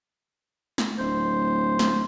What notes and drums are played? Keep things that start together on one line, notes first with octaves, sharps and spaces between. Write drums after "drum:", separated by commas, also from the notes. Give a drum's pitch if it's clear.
drum: snare
D1 C5
drum: snare